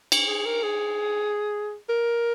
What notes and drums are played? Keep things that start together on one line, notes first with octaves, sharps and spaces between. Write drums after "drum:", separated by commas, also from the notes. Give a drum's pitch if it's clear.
drum: cymbal
G#4
A#4
G#4
A#4